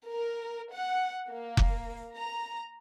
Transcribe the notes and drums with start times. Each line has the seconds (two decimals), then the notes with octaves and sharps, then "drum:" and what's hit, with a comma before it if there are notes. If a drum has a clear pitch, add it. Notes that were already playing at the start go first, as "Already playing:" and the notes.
0.10 A#4
0.74 F#5
1.30 A#3
1.57 drum: kick F1
2.14 A#5